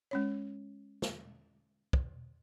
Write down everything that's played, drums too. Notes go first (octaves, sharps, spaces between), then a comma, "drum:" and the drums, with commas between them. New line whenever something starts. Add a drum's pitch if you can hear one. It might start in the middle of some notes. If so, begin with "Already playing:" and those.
G#3 C#4 C#5
drum: snare
drum: kick